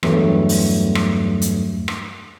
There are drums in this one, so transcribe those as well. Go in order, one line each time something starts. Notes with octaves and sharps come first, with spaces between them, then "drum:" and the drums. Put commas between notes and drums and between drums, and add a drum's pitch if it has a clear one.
E2 G2 F#3 A3, drum: rim click
drum: open hi-hat
drum: rim click
drum: hi-hat
drum: rim click